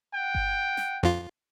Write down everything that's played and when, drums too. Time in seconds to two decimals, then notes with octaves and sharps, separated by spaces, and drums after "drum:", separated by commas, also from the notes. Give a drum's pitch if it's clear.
0.13 F#5 G5
0.35 drum: kick G1
0.77 drum: snare
1.03 F2 F4